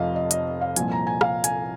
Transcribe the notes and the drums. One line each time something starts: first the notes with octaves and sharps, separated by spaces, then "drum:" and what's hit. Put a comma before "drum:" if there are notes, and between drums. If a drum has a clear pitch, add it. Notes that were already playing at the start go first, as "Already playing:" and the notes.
Already playing: F1 F2 F3 D#5 F5
D#5
D#5, drum: hi-hat
F5
C2 A#2 F3 G#5, drum: hi-hat
A#5
G#5
F5, drum: rim click
G#5, drum: hi-hat